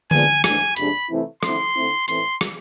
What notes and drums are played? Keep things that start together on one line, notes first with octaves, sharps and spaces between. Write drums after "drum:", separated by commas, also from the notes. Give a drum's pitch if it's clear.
G#2 F3 G#3 B3 D4 G#5, drum: tom D3
G#2 E3 A3 D4 G#5, drum: rim click
F2 C3 G#3 D4 B5, drum: hi-hat
C3 E3 A3 C4 E4
D3 A3 C4 E4 C6, drum: rim click
D3 A3 C4 E4
A2 E3 A3 C4 E4 C6, drum: hi-hat
drum: rim click